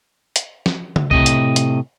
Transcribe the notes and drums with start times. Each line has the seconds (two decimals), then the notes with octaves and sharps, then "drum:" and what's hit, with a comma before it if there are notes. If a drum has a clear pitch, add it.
0.36 drum: hi-hat
0.66 drum: snare
0.96 drum: tom C#3
1.11 A2 C3 D#5, drum: kick C2
1.26 drum: hi-hat
1.56 drum: hi-hat